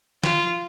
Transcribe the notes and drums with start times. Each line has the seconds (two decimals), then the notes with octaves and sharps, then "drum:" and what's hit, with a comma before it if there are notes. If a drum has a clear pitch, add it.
0.24 F4, drum: snare